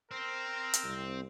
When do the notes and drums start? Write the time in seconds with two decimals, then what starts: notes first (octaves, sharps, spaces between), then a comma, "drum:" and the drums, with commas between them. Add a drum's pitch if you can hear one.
0.11 C4 A#4
0.73 drum: hi-hat
0.83 C2